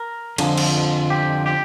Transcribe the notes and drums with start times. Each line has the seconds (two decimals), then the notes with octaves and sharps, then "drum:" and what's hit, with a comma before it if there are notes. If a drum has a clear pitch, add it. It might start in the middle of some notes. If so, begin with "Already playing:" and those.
Already playing: A#4
0.38 F2 D3 F3 G#3, drum: cymbal
0.58 drum: cymbal
1.10 G4
1.46 G4